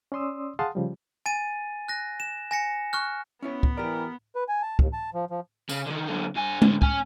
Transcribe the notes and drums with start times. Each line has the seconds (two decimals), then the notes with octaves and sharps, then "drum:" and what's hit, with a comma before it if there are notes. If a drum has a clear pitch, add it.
0.12 C#4 D5 C6 D#6 E6
0.59 G#4 F5 F#5 A5 C6 D#6
0.75 C#3 F3 G3
1.26 G#5 A6 D#7
1.88 F#6 A#6
2.20 E7
2.51 G#5 A#6 C#7
2.93 C#6 F6 F#6
3.42 B3 C#4 E4 C#5
3.63 drum: kick
3.77 E3 G4 A#4 D5
4.35 B4
4.48 G#5
4.62 A5
4.79 D#2, drum: kick
4.93 A5
5.14 F3
5.31 F3
5.69 C#3, drum: tambourine
5.86 D3 D#3
6.07 F#2 D3
6.36 G2 G#5
6.62 A2 D3, drum: tom G#3
6.82 C#4 G#5, drum: kick